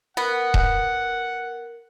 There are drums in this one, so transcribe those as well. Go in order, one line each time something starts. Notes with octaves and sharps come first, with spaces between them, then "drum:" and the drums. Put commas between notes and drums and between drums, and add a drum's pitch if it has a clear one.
B3 A#4 F#5
drum: kick D#1